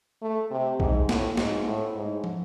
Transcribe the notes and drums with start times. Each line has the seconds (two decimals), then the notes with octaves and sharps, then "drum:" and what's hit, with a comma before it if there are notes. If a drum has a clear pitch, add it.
0.22 A3
0.51 C3
0.80 G#2, drum: kick B1
1.09 A2, drum: snare
1.37 G#2, drum: snare
1.66 A2
1.95 G#2
2.24 drum: tom